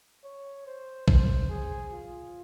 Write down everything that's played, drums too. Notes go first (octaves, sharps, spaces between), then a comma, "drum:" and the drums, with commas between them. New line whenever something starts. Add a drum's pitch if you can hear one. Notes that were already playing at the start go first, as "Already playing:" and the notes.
C#5
C5
C5, drum: kick A#1
G#4
F4